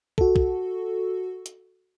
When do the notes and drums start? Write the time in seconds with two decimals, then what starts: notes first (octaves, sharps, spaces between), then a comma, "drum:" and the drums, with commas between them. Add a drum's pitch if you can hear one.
0.18 F#4 A4, drum: kick
0.36 drum: kick
1.46 drum: hi-hat